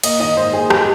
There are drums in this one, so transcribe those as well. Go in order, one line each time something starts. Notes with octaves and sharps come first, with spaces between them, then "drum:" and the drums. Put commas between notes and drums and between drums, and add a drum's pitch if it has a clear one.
A#3 D#5, drum: cymbal
D#3 D#5
G#2 C5
A#3 G#4
G4, drum: rim click